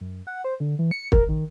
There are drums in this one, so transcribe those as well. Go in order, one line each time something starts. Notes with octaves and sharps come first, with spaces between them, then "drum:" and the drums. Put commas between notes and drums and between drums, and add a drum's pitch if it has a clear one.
F#2
F#5
C5
D3
E3
C#7
A#4, drum: kick
D#3